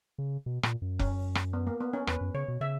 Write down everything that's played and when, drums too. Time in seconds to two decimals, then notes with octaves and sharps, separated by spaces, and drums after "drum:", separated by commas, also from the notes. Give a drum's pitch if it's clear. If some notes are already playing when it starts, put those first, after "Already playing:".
0.18 C#3
0.46 B2
0.63 A#2, drum: rim click
0.82 F#2
0.99 C#4, drum: kick F1
1.35 drum: rim click
1.53 B3
1.67 A#3
1.81 B3
1.93 C#4
2.07 E2 B4, drum: rim click
2.21 F#2
2.34 C#3 C#5
2.48 B2
2.61 C#3 E5